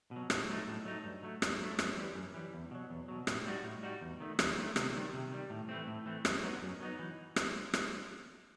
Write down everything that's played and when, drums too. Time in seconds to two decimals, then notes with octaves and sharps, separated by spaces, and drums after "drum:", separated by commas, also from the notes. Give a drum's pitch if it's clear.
0.11 B2 F#3
0.30 A2, drum: rim click
0.49 F#3 A3 D#4
0.67 A2
0.85 F#3 A3 D#4
1.04 G2
1.23 F#3 A3
1.42 G2, drum: rim click
1.60 F#3 A3
1.79 F#2, drum: rim click
1.97 E3 G3
2.15 F#2
2.34 E3 G3
2.53 E2
2.71 B2 F#3
2.90 E2
3.08 B2 F#3
3.27 A2, drum: rim click
3.45 G3 D#4 F#4
3.64 A2
3.83 G3 D#4 F#4
4.01 E2
4.20 D#3 A3
4.39 E2, drum: rim click
4.57 D#3 A3
4.76 C3, drum: rim click
4.94 D#3 G3
5.13 C3
5.31 D#3 G3
5.50 A2
5.69 E3 A3 C4
5.87 A2
6.06 E3 A3 C4
6.25 F#2, drum: rim click
6.43 F#3 B3 D#4
6.62 F#2
6.80 F#3 B3 D#4
6.99 E3
7.36 drum: rim click
7.74 drum: rim click